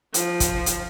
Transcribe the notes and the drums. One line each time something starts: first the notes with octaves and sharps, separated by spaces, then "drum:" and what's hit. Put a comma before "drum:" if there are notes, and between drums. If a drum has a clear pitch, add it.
F3, drum: hi-hat
drum: kick, hi-hat
drum: hi-hat